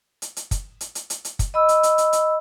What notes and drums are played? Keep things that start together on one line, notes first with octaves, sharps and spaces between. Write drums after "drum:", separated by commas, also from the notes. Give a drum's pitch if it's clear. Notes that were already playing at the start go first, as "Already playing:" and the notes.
drum: hi-hat
drum: hi-hat
drum: kick, hi-hat
drum: hi-hat
drum: hi-hat
drum: hi-hat
drum: hi-hat
drum: kick, hi-hat
D#5 B5 E6
drum: hi-hat
drum: hi-hat
drum: hi-hat
drum: hi-hat